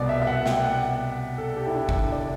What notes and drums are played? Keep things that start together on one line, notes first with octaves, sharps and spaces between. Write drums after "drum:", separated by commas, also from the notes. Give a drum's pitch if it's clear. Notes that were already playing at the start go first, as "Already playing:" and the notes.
Already playing: C2 B2 D5
E5
E5
F#5
G5, drum: snare
F#5
A4
G4
E4
D4
drum: kick G1
D5